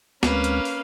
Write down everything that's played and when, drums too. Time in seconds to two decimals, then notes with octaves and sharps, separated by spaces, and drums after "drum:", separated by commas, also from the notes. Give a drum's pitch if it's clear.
0.23 D2 G#3 A#3 C4 C#4 B4 F5, drum: snare
0.44 drum: hi-hat
0.65 drum: open hi-hat